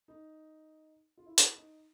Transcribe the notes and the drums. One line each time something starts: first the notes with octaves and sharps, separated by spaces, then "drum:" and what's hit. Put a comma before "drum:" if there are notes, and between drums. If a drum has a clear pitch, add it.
D#4
F4
E4
drum: hi-hat
D#4